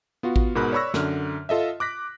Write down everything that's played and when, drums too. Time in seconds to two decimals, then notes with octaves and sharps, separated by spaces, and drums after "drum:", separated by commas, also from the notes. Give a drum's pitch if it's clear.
0.23 B3 F4 F#4
0.36 drum: kick A1
0.55 G#2 B2 A#4 B5 F#6
0.72 C#5 D5 B5 C#6 E6 A#6
0.94 F#2 D3 F6, drum: snare
1.49 F4 A4 D#5 E5
1.80 D6 F#6 A#6 B6